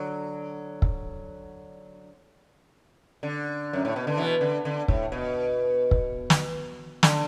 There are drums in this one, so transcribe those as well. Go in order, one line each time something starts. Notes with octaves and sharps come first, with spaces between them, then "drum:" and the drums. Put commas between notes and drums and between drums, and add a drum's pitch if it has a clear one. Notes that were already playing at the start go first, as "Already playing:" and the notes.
Already playing: D3 F#3
drum: kick
D3
F#2
A2
B2
D3
B2 E3
D3
D3
A2, drum: kick
B2
drum: kick
drum: snare
D3, drum: snare